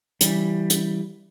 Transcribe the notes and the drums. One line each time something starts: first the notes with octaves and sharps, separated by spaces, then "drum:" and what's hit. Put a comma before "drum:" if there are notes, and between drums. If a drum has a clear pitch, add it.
E3 G3, drum: hi-hat
drum: hi-hat